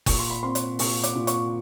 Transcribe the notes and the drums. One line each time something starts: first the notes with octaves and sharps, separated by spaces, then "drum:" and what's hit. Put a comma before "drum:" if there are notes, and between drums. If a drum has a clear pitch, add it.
A#2 C#6, drum: kick F#1, open hi-hat
C6
B5
C4 C6
drum: hi-hat
A#2 C#6, drum: open hi-hat
D6, drum: hi-hat
A#2
C#6, drum: hi-hat